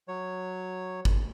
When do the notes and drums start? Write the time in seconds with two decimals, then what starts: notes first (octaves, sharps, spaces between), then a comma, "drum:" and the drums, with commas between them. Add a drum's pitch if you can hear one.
0.08 F#3 C#5
1.05 drum: kick